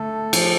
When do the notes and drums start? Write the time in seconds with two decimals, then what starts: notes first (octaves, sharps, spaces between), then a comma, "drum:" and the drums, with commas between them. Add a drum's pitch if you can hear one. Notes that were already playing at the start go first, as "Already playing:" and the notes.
Already playing: D3 A3 A4
0.33 F3, drum: cymbal